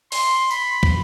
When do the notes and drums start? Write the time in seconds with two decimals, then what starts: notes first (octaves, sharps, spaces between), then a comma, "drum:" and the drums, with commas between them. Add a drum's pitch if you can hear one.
0.12 C6, drum: open hi-hat
0.51 B5, drum: tambourine
0.83 drum: kick